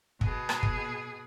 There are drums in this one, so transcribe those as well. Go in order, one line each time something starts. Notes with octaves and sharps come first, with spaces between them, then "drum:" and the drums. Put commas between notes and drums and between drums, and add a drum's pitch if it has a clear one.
B2 G#4, drum: kick
drum: rim click
drum: kick